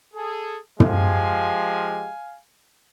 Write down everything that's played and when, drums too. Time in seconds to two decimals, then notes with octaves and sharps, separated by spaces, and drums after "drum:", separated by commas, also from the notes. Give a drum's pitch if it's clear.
0.14 G#4 A4
0.80 F3 G#3 G4 F5 G#5, drum: tom